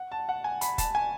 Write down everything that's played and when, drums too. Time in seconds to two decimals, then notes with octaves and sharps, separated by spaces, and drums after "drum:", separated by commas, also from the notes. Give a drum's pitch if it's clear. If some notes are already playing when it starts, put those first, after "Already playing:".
Already playing: F#5
0.12 A5
0.29 F#5
0.44 G#5
0.61 B5, drum: hi-hat
0.78 A5, drum: kick F1, hi-hat
0.95 G#5